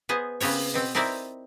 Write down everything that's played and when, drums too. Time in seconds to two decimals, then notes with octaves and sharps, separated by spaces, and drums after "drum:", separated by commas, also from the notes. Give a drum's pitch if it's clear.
0.09 B3 G#4 C5 D#5
0.40 C#3 B3 C4 C#5, drum: open hi-hat
0.74 B2 C4
0.95 C4 D#4 E4 A#4 C5 D5